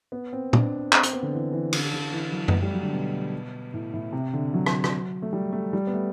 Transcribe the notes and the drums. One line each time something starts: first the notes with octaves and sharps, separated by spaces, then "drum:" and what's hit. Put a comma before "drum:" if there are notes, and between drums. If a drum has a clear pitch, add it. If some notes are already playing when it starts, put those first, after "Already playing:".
B3
C4
D4, drum: tom A#2
C4, drum: clap
C4, drum: hi-hat
B3
D3
E3
E3
D3, drum: cymbal
D3
E3
F#3
B3, drum: tom F#2
A3
G3
F#3
D3
B2
A2
A2
C3
D3
F#3
drum: rim click
drum: rim click
A3
G3
A3
G3
B3
A3